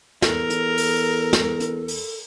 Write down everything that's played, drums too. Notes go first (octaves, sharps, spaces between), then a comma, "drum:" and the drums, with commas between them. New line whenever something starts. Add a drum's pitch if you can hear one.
E2 A4 A#4, drum: snare
drum: hi-hat
drum: open hi-hat
drum: snare
drum: hi-hat
drum: open hi-hat